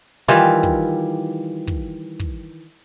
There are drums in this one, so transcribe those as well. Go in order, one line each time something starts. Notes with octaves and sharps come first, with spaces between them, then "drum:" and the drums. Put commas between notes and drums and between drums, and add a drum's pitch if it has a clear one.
D#3 E3 G3 F4
drum: kick
drum: kick
drum: kick